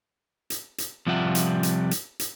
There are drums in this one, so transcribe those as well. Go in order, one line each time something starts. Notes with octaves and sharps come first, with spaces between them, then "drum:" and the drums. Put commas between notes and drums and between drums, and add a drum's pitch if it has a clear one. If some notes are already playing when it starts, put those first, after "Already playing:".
drum: hi-hat
drum: hi-hat
C3 F3 G3 F4 E5 F#5
drum: hi-hat
drum: hi-hat
drum: hi-hat
drum: hi-hat